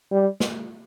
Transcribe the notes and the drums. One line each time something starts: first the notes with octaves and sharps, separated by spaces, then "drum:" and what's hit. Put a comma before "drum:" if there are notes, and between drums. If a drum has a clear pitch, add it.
G3
drum: snare